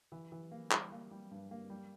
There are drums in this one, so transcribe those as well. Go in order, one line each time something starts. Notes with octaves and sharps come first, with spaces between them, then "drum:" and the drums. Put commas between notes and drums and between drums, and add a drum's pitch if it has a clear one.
E3
E3
A#3
G3, drum: clap
A#3
G3
G2
A#3
G3